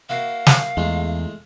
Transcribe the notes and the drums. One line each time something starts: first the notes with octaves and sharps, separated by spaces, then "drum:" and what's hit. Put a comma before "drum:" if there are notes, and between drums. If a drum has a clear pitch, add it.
A#3 E4 F#4 F5
drum: snare
E2 G#3 A3 F4